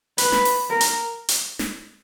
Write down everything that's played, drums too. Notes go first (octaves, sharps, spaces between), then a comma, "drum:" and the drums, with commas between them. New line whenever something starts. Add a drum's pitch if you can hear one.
B4, drum: hi-hat
drum: snare
drum: open hi-hat
A#4
drum: hi-hat
drum: hi-hat
drum: snare